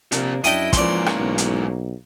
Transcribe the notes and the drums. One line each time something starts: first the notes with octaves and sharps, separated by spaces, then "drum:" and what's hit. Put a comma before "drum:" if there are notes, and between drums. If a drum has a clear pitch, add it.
C3 F3 A#3 D4, drum: hi-hat
F#2 D4 E4 D#5 G5 D#6, drum: hi-hat
G#2 E3 F3 A#3 C#4 D5 C6, drum: kick, hi-hat
drum: rim click
B1
drum: hi-hat